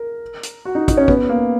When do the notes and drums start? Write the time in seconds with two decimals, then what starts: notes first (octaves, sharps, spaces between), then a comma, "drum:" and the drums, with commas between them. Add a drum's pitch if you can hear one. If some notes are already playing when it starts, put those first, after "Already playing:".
Already playing: A#4
0.43 drum: hi-hat
0.65 F#4
0.75 D#4
0.88 D#4, drum: kick, hi-hat
0.97 C#4
1.08 B3, drum: kick
1.29 A#3